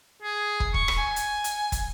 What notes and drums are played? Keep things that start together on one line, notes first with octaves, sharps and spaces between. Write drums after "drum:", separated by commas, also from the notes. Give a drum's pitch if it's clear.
G#4
drum: kick
C#6, drum: kick
drum: rim click
G#5
drum: hi-hat
drum: hi-hat
drum: kick, hi-hat